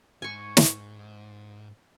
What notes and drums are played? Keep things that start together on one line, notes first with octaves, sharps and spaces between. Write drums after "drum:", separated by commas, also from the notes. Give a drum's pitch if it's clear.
G#2 G#5 C#6
drum: snare